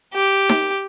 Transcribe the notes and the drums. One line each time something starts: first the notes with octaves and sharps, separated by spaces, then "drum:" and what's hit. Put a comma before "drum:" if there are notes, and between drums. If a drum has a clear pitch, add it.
G4
drum: snare D#4